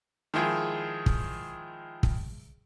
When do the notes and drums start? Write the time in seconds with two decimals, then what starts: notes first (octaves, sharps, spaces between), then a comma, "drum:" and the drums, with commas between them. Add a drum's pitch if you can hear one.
0.34 D#3 F3 G#3 E4 F4 G#4
1.06 drum: kick
2.03 drum: kick